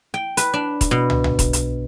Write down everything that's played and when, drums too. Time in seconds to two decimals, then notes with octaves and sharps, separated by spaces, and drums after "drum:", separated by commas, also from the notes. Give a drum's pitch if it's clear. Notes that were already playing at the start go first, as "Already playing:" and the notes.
0.14 G5
0.37 B4, drum: hi-hat
0.54 D4
0.81 drum: kick E1, hi-hat
0.91 B2
1.10 drum: tom
1.24 drum: tom
1.39 drum: kick E1, hi-hat
1.53 drum: hi-hat